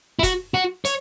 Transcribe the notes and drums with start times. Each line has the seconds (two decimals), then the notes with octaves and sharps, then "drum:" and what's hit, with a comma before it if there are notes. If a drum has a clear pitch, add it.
0.19 E4
0.23 F#4, drum: kick, hi-hat
0.54 F#4
0.85 C#5, drum: hi-hat